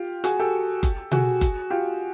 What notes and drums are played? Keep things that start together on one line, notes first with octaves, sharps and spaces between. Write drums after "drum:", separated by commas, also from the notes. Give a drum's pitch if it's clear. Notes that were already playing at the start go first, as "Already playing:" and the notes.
Already playing: F4 G4
F#4 G#4, drum: hi-hat
G4 A4
drum: kick F#1, hi-hat
F#4 G#4, drum: tom B2
drum: kick F#1, hi-hat
F4 G4